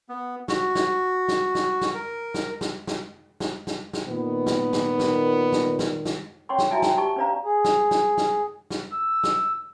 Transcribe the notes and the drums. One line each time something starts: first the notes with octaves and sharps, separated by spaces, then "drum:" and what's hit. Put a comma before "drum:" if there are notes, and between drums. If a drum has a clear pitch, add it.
B3
F#4, drum: snare
drum: snare
drum: snare
drum: snare
drum: snare
A#4
drum: snare
drum: snare
drum: snare
drum: snare
drum: snare
drum: snare
A#2 D#3 B3
drum: snare
drum: snare
drum: snare
drum: snare
drum: snare
drum: snare
C#4 C#5 F#5 G5 C6 C#6
drum: snare
E4 F#4 D5 E5 G#5 A5
G5, drum: snare
G4 A5 C#6
C#4 D4 C5 D5 F5 A#5
G#4
drum: snare
drum: snare
drum: snare
drum: snare
E6
drum: snare